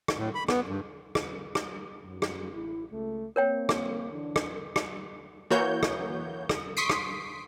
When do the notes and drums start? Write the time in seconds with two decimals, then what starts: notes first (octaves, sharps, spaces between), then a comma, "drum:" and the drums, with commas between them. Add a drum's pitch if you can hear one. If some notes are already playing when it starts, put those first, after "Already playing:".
0.08 drum: rim click
0.18 A2
0.35 B5
0.48 B3, drum: rim click
0.68 G2
1.15 drum: rim click
1.55 drum: rim click
2.04 F#2
2.22 drum: rim click
2.53 A1 E4
2.90 C#2 A3
3.36 A#3 C4 A#4 C#5 G5
3.69 drum: rim click
4.11 D3 E3 D4
4.36 drum: rim click
4.76 drum: rim click
5.50 E3 A#3 F#4 C#5 G6
5.83 drum: rim click
6.49 drum: rim click
6.77 C6 C#6 D#6 B6 C7 D7
6.90 drum: rim click